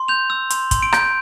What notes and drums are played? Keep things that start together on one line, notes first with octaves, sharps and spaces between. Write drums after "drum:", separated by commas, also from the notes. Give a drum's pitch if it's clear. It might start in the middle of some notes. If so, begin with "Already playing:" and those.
Already playing: C6
G6 F7
E6
C6, drum: hi-hat
C6, drum: kick, hi-hat
D7
G6, drum: rim click